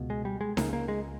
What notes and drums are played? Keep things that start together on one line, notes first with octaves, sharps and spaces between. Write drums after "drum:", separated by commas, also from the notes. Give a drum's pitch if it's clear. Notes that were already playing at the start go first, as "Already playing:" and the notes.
Already playing: C#2 B2
G#3
G3
G#3
C#2 C#3 A#3, drum: snare D#4
A#3
G#3